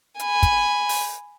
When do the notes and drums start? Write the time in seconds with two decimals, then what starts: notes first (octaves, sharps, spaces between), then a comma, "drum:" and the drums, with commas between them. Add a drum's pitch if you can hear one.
0.19 G#5 B5, drum: hi-hat
0.43 drum: kick, hi-hat
0.89 drum: open hi-hat